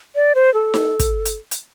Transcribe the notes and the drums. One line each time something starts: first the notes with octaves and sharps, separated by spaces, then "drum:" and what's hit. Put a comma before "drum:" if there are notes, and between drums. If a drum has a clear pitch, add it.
D5
C5
A4
drum: snare D#4
drum: kick, hi-hat
drum: hi-hat
drum: hi-hat